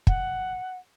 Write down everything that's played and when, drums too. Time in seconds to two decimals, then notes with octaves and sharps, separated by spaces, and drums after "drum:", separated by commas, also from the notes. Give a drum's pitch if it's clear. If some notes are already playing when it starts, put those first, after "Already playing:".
0.07 F#5, drum: kick